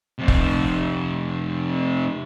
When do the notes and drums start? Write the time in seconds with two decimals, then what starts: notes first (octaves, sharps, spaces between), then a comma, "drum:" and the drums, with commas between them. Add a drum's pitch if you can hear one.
0.19 F2 C3
0.28 drum: kick